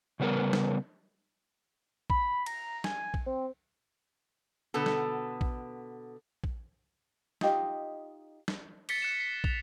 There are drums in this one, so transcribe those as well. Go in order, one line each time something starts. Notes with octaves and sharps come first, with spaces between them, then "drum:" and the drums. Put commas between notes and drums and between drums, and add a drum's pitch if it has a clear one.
C#3 G3 B3 F#4 A#4 B4
drum: snare
B5, drum: kick
A#5, drum: cymbal
G#5, drum: snare
drum: kick
C4
B2 D3 B3 A4
drum: snare
drum: kick
drum: kick
D#4 F4 G4 D#5, drum: snare
drum: snare
A6 B6 C#7 G7, drum: cymbal
F#6 C#7 E7
C7
F7, drum: kick